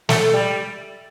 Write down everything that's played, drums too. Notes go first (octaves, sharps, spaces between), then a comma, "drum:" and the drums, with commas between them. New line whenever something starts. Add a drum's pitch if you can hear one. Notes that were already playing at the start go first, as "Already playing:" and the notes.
A3, drum: snare
G3